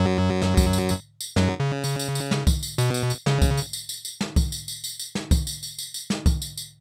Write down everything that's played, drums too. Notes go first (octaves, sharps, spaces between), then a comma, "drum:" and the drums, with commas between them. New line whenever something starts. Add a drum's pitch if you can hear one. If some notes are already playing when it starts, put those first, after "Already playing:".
Already playing: F#2 F#3
drum: snare
drum: kick C2, tambourine
drum: tambourine
drum: tambourine
drum: tambourine
F#2 F#3, drum: snare
C#3
drum: tambourine
drum: tambourine
drum: tambourine
drum: snare
drum: kick C2, tambourine
drum: tambourine
B2, drum: tambourine
drum: tambourine
drum: tambourine
C#3, drum: snare
drum: kick C2, tambourine
drum: tambourine
drum: tambourine
drum: tambourine
drum: tambourine
drum: snare
drum: kick C2, tambourine
drum: tambourine
drum: tambourine
drum: tambourine
drum: tambourine
drum: snare
drum: kick C2, tambourine
drum: tambourine
drum: tambourine
drum: tambourine
drum: tambourine
drum: snare
drum: kick C2, tambourine
drum: tambourine
drum: tambourine